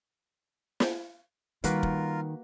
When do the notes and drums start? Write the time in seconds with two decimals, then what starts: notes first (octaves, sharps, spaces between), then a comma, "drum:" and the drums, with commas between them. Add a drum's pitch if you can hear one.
0.80 drum: snare
1.64 D#3 G3 A#3 F4 F#4 A#4 B4, drum: hi-hat
1.83 drum: kick